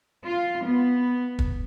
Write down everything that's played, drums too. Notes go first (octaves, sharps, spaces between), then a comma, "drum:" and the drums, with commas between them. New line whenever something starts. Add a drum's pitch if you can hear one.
F4
B3
drum: kick